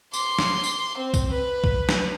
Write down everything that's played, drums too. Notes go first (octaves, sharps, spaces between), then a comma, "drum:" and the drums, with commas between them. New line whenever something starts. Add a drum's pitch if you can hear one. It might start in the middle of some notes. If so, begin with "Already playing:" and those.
C6 D6, drum: tambourine
drum: snare
drum: tambourine
C4
drum: kick C2, tambourine
B4
drum: kick C2
drum: snare